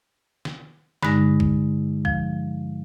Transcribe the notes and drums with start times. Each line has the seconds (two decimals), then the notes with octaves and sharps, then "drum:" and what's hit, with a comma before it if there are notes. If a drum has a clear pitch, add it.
0.45 drum: snare
1.03 G2 D3 G#3 D#4 A#6, drum: snare
1.40 drum: kick A#1
2.05 F3, drum: kick A#1